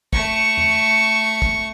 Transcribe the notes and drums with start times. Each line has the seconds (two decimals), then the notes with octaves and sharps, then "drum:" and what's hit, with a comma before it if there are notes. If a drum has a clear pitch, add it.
0.13 A3 C#6, drum: kick
0.57 drum: tom E2
1.42 drum: kick